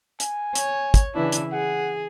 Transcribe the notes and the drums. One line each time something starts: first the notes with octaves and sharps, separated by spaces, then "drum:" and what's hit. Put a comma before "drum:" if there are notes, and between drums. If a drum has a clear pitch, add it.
G#5, drum: hi-hat
C#5, drum: hi-hat
drum: kick, hi-hat
C#3 E3 D4 E4
drum: hi-hat
G#4 F#5